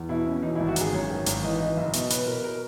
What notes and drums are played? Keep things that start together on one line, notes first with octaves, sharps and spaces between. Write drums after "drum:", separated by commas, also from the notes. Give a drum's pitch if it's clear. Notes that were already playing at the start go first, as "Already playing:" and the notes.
Already playing: E2
B2 E4
B2 C#4
E3 D#4
G#1 E4
F#4
G#1 G#4, drum: hi-hat
F#2 C#5
D#3
G#1, drum: hi-hat
E3 D#5
E3 D#5
F#1 E5
B2 D#5, drum: hi-hat
B2 B4, drum: hi-hat
B2 A#4
A#4